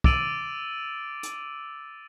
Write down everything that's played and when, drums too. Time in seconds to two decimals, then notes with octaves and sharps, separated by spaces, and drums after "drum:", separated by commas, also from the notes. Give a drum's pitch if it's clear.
0.04 D6 E6 A6 D7 D#7 F#7, drum: kick
1.23 drum: hi-hat